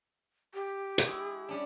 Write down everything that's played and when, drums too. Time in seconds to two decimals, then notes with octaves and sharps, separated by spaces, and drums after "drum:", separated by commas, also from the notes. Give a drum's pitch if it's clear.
0.54 G4
0.98 drum: hi-hat
1.07 G#3 E4 G#4
1.49 G3 C#4 D4